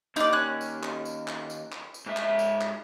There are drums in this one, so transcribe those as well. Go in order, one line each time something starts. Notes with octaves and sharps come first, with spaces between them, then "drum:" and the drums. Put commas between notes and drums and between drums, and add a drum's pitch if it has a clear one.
D#2 D#4 D5, drum: tambourine
C#4 F#6
drum: tambourine
drum: clap
drum: tambourine
drum: clap
drum: tambourine
drum: clap
drum: tambourine
G#2 E5
drum: clap
drum: tambourine
drum: clap